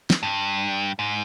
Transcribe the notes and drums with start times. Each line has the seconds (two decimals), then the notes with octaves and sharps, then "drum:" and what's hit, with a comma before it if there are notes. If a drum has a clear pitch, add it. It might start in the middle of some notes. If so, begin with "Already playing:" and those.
0.10 drum: snare
0.23 G2
0.99 G#2